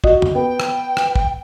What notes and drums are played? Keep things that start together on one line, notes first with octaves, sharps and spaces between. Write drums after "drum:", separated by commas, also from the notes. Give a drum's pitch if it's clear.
F#4 D#5, drum: kick
drum: tom
B3 G5
drum: rim click
drum: rim click
drum: kick